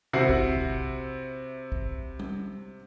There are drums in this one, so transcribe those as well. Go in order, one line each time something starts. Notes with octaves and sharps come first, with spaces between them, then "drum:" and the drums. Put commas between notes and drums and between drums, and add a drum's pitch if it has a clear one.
C3 E4 F#4 F#5 C7
drum: kick
drum: kick
drum: kick
drum: tom G3